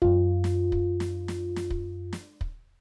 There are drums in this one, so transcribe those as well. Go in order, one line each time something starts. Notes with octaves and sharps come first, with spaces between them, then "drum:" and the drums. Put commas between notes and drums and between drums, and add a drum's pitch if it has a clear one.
F#2 F4, drum: kick
drum: snare
drum: kick
drum: snare
drum: snare
drum: snare
drum: kick
drum: snare
drum: kick